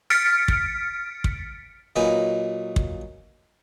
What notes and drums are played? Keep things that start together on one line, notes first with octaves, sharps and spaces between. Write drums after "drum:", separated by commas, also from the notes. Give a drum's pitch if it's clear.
F6 A6 B6 C#7 D7
drum: kick
drum: kick
A#2 F#3 D#4 B4 G#5
drum: kick